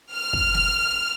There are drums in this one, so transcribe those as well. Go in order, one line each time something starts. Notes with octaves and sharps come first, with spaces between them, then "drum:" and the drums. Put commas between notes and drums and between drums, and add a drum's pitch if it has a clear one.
F6
drum: kick
drum: snare